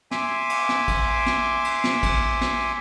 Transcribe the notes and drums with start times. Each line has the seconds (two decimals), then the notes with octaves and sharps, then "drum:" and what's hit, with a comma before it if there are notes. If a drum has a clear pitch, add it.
0.11 E5 G#5 C6 D6, drum: snare
0.50 drum: cymbal
0.69 drum: snare
0.88 drum: kick A1, cymbal
1.26 drum: snare
1.65 drum: cymbal
1.84 drum: snare
2.03 drum: kick A1, cymbal
2.41 drum: snare